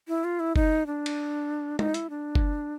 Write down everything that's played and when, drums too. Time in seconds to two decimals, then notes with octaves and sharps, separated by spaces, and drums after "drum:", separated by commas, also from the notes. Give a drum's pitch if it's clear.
0.08 E4
0.24 F4
0.40 E4
0.56 D#4, drum: kick F#1
0.87 D4
1.06 drum: cymbal
1.79 D#4, drum: tom
1.94 E4, drum: hi-hat
2.10 D4
2.35 drum: kick F#1